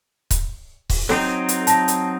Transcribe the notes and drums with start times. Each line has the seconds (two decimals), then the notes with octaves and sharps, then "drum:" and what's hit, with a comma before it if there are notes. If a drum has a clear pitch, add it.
0.31 drum: kick C#1, hi-hat
0.90 drum: kick C#1, open hi-hat
1.09 F#3 C4 D#4 A4, drum: snare
1.49 drum: hi-hat
1.67 A5 A#6, drum: hi-hat
1.88 drum: hi-hat